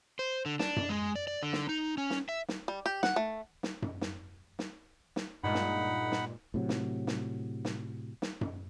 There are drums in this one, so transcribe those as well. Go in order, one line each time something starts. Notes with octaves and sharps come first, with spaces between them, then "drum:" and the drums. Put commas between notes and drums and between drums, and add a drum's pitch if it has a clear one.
C5
D3
D4, drum: snare
drum: tom F#2
G#3
D5
D5
D3
drum: snare
D#4
C#4
drum: snare
E5
drum: snare
G3
G4
F#5, drum: snare
A3
drum: snare
drum: tom F#2
drum: snare
drum: snare
drum: snare
G2 A#2 G#3 D#4 F#5 B5
drum: snare
drum: snare
A2 C3 F#3
drum: snare
drum: snare
drum: snare
drum: snare
drum: tom F#2